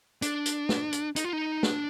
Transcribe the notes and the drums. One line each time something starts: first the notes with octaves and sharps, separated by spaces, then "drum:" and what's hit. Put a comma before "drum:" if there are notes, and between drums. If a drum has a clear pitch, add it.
D4, drum: hi-hat
drum: hi-hat
drum: snare
drum: hi-hat
D#4, drum: hi-hat
F4
D#4
D4, drum: snare